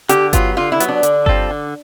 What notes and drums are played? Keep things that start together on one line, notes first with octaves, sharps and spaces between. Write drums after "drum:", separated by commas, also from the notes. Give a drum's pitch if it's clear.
D3 G4, drum: hi-hat
F#3 B3 F4, drum: kick G1, hi-hat
D3 F4
E4
F#3 B3, drum: hi-hat
D4
D3, drum: hi-hat
G3 C4 F4 A4, drum: kick G1
D3